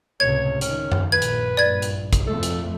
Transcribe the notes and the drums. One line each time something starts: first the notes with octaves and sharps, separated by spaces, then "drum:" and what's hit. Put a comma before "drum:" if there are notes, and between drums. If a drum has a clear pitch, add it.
C#2 A2 C3 C#5 G#6
D#3 C#4, drum: hi-hat
drum: tom F#2
A#1 B4 G#6
drum: hi-hat
A#1 G2 D5 G#6
drum: hi-hat
drum: kick, hi-hat
F2 A3 A4
drum: hi-hat